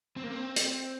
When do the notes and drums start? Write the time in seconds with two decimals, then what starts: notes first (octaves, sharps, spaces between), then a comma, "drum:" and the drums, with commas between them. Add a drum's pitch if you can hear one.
0.16 C4
0.24 A#3
0.31 C4
0.56 drum: hi-hat